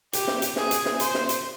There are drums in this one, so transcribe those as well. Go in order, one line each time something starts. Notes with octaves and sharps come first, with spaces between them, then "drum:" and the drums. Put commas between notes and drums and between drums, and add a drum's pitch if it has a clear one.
G4, drum: hi-hat
drum: snare
drum: hi-hat
G#4, drum: snare
drum: hi-hat
drum: snare
C5, drum: hi-hat
drum: snare
drum: hi-hat